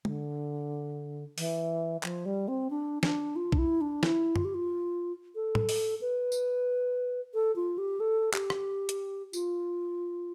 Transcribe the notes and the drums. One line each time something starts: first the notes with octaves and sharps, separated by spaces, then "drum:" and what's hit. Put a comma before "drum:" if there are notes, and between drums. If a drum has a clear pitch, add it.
D3, drum: tom
E3, drum: open hi-hat
F3, drum: clap
G3
C4
D4
D4, drum: snare
F4
D4, drum: kick B1
E4
D4
E4, drum: snare
F4, drum: tom F#2
G4
F4
A4
drum: tom A2
drum: open hi-hat
B4
drum: tambourine
A4
F4
G4
A4
G4, drum: clap
drum: rim click
drum: hi-hat
F4, drum: tambourine